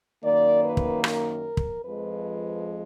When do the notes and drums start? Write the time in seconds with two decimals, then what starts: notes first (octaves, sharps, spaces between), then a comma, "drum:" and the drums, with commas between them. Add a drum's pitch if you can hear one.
0.23 F#2 D#3 A#3 D5
0.64 B4
0.77 drum: kick
1.04 A#4, drum: rim click
1.57 drum: kick
1.84 F2 F3 G#3 B4